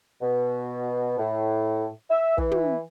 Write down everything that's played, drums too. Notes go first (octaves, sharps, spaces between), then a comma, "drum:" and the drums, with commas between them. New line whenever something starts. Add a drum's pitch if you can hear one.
B2
A2
E5
E3, drum: kick
drum: tom